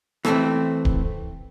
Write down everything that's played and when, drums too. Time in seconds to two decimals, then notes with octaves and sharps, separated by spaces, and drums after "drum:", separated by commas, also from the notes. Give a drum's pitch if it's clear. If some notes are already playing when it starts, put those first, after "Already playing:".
0.25 E3 A3 C4, drum: rim click
0.85 drum: kick D1